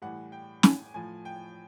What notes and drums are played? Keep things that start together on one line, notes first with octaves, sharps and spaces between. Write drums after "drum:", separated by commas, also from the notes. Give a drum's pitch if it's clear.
A2 E3 G3 F#5
G5
G#5, drum: snare
A2 F3 G#5
G5